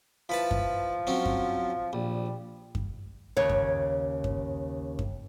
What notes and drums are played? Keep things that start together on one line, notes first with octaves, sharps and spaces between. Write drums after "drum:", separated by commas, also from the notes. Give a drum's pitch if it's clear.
F3 E4 B4 A5
drum: kick F#2
F#3 C4 C#4
drum: kick F#2
A#1 G3
drum: kick F#2
D#2 C#3 C#5
drum: kick F#2
drum: kick F#2
drum: kick F#2